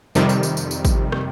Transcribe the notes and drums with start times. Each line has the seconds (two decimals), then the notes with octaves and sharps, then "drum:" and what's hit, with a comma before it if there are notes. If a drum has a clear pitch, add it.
0.15 F2 C3 D#3 G3, drum: tambourine
0.29 drum: tambourine
0.43 drum: tambourine
0.57 drum: tambourine
0.71 drum: tambourine
0.85 drum: kick, tambourine
1.12 drum: rim click